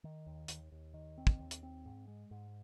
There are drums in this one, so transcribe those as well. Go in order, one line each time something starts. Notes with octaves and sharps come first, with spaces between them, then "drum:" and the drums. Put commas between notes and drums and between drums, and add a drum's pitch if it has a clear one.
D#3
D#2
D#2, drum: hi-hat
D#2
D#3
C4
drum: kick
D#2
drum: hi-hat
C4
G#2
G#3
G#2